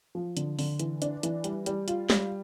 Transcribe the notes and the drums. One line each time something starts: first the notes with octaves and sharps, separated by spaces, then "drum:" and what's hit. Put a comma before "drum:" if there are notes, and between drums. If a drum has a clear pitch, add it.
F3
D3, drum: hi-hat
D3, drum: open hi-hat
E3, drum: hi-hat
D4, drum: hi-hat
E3, drum: hi-hat
G3, drum: hi-hat
G3, drum: hi-hat
F4, drum: hi-hat
G3, drum: snare